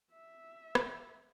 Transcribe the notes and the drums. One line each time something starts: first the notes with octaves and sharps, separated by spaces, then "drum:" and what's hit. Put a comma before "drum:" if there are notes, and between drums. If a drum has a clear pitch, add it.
E5
drum: rim click